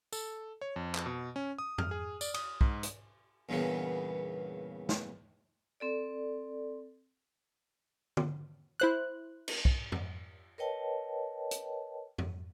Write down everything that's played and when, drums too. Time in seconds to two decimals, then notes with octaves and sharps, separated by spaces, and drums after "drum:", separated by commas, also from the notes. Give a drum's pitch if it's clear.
0.12 A4, drum: tambourine
0.61 C#5
0.76 F2
0.95 drum: clap
1.06 B2
1.36 C#4
1.59 D#6
1.78 F6, drum: tom F2
1.91 G#4
2.21 D5, drum: tambourine
2.34 D#6, drum: cymbal
2.61 G#2, drum: kick B1
2.83 drum: hi-hat
3.49 E2 G2 A#2 C#3 B3
4.89 drum: snare
5.80 C4 A4 D5
8.17 drum: tom D3
8.80 E4 C5 F#6
9.48 drum: cymbal
9.65 drum: kick B1
9.92 drum: tom F2
10.58 A#4 B4 C#5 D#5 G5 A5
11.51 drum: hi-hat
12.18 drum: tom F2